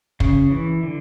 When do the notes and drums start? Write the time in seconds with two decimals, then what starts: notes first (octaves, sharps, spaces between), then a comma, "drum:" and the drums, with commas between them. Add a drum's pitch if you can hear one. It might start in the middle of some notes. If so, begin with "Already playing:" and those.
0.20 C#3, drum: kick
0.51 E3
0.83 D3